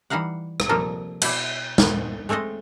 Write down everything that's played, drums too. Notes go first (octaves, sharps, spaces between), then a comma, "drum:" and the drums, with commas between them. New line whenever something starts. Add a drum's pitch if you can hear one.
E3 G3 D#4 F5 F#5
drum: rim click
C3 F3 G3 A#3 A4 A#4
B2 E4 D5, drum: cymbal
A#3 B3, drum: snare
G#3 A3 C4 A4 D#5